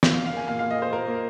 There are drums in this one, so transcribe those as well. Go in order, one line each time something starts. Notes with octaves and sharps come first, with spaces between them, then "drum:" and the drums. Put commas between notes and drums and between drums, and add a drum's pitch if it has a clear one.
A#3, drum: snare
F5
A#3
F5
A#3 G#5
A#2 F5
F5
A#2
D#5
A#3 C5
A#2 A#4
A#3